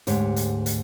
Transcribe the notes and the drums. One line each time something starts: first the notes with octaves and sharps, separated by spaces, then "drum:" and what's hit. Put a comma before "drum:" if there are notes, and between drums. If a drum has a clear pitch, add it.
D2 G#2 G4 C#5, drum: hi-hat
drum: hi-hat
drum: hi-hat